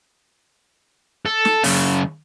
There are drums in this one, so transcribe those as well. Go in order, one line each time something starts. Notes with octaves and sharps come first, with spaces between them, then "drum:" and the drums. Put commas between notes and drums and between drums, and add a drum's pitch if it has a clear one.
A4
drum: snare
F#2 C#3, drum: open hi-hat